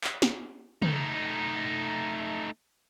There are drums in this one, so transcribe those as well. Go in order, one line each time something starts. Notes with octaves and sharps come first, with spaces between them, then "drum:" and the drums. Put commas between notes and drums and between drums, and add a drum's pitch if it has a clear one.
drum: clap
drum: snare
A3 D#4, drum: tom